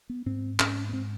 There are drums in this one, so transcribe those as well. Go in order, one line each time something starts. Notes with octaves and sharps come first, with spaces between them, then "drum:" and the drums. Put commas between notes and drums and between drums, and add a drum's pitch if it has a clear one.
B3
G#2 C4
G#2 C#4, drum: clap
B3
G#2 C4